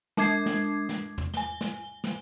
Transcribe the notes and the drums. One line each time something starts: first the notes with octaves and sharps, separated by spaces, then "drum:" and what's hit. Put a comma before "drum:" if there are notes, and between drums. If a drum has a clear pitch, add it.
G#3 D4 D6 G#6 C7, drum: snare
drum: snare
drum: snare
drum: tom
G#5 G7, drum: snare
drum: snare
drum: snare